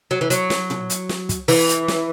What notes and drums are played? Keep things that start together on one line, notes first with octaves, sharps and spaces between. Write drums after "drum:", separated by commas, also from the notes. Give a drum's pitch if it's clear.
F#3
E3
F#3, drum: hi-hat
drum: snare
drum: tom A#2
drum: hi-hat
drum: snare
drum: kick, hi-hat
E3, drum: open hi-hat
drum: hi-hat
drum: snare